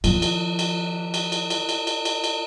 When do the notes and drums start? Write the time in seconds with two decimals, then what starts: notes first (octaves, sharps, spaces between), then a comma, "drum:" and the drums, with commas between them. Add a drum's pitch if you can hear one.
0.04 D#3 F3, drum: cymbal
0.22 drum: cymbal
0.59 drum: cymbal
1.14 drum: cymbal
1.32 drum: cymbal
1.50 drum: cymbal
1.69 drum: cymbal
1.87 drum: cymbal
2.05 drum: cymbal
2.24 drum: cymbal